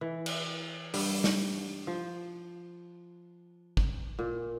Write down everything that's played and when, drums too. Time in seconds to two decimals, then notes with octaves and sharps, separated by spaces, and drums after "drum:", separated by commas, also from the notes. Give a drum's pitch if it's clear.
0.01 E3
0.26 drum: cymbal
0.94 G2 G3, drum: open hi-hat
1.24 drum: snare
1.87 F3
3.77 drum: kick
4.19 A#2